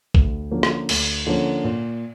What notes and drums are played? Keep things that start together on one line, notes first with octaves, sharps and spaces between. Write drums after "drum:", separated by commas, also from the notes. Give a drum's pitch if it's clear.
D2, drum: kick A#1
D3 F3 A#3 C#4
drum: rim click
D2, drum: cymbal
D3 F3 A#3 C#4
A#2